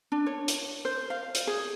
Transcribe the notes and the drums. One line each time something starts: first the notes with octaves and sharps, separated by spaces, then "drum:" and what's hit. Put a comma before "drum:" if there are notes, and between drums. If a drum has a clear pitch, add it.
D4
C#5
drum: hi-hat
C5
F5
drum: hi-hat
G#4